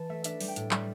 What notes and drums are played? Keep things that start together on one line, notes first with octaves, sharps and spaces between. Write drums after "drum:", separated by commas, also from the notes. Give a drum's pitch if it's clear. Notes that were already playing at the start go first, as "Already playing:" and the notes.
Already playing: E3 A5
A3 E5
D4 E5, drum: hi-hat
G3, drum: open hi-hat
G5
A2, drum: hi-hat
G3 E5, drum: clap